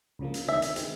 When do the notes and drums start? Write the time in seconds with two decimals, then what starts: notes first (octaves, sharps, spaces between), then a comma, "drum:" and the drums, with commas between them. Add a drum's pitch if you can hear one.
0.19 C#2 C#3 F3 A#3
0.34 drum: hi-hat
0.48 D2 C3 D#3 E5
0.62 drum: hi-hat
0.76 D#3 G#3 C4, drum: hi-hat